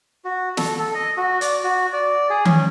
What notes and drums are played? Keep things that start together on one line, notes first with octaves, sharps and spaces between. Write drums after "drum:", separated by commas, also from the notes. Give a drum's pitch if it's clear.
F#4
A4, drum: snare
A4
D#5
F#4
D5, drum: hi-hat
F#4
D5
G#4
C#4, drum: tom D#3